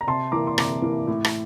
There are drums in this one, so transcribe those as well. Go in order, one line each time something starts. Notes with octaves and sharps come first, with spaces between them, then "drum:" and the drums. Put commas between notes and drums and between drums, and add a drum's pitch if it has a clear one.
A#5
C3 A5 C6
E3 A#3 A#5 D6
C6
C3 A#5 D6, drum: rim click
E3 A#3
A2
drum: rim click